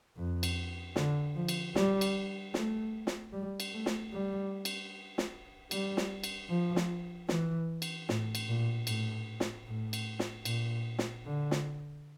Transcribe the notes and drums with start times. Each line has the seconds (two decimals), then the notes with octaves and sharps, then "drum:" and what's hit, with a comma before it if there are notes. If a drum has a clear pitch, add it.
0.17 F2
0.43 drum: cymbal
0.96 D3, drum: snare
1.35 F3
1.48 drum: cymbal
1.75 G3, drum: snare
2.01 drum: cymbal
2.54 A3, drum: snare
3.07 drum: snare
3.33 G3
3.60 drum: cymbal
3.73 A3
3.86 drum: snare
4.13 G3
4.65 drum: cymbal
5.18 drum: snare
5.71 G3, drum: cymbal
5.97 drum: snare
6.24 drum: cymbal
6.49 F3
6.76 drum: snare
7.29 E3, drum: snare
7.82 drum: cymbal
8.09 A2, drum: snare
8.35 drum: cymbal
8.48 A#2
8.87 A2, drum: cymbal
9.40 drum: snare
9.67 A2
9.93 drum: cymbal
10.19 drum: snare
10.45 A#2, drum: cymbal
10.99 drum: snare
11.25 D3
11.51 drum: snare